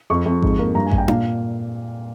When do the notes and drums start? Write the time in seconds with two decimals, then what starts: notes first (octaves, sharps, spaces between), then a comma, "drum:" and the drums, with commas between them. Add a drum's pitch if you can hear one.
0.10 F2 C#6
0.26 F2
0.42 G#2, drum: kick A1
0.59 A#3
0.75 G2 A#5
0.86 G#5
0.91 G2, drum: kick A1
0.98 G5
1.08 A#2 F5, drum: tom D4